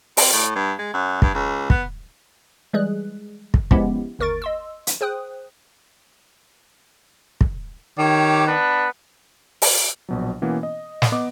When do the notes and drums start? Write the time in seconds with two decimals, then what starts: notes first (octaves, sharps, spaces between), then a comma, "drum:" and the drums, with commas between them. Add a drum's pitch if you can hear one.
0.17 C4, drum: open hi-hat
0.33 A2
0.55 G2
0.79 G#3
0.94 F#2
1.22 G2, drum: kick
1.34 C#2
1.70 B3, drum: kick
2.73 E3 G3 G#3 G#4 F#6
3.54 drum: kick
3.71 F3 G#3 B3 C#4 E4 G4, drum: kick
4.19 G1 D#2 A#4 C#6 A6 D7
4.42 D#5 C6 E6
4.87 drum: hi-hat
5.01 G#4 C5 G5 D#6 F#6
7.41 drum: kick
7.99 D#3 G4 C#5 D6
8.46 B3 D4 B4
9.62 drum: open hi-hat
10.09 A#1 B2 F#3
10.42 B2 E3 A#3 B3 C#4
10.63 D#5
11.02 drum: snare
11.12 B3 D#5 D6